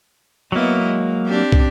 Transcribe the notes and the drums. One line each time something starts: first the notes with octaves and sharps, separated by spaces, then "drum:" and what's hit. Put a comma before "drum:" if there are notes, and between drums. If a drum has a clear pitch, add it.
F#3 A#3 B3 E4 D#5
G#3
C4 D4 G4
drum: kick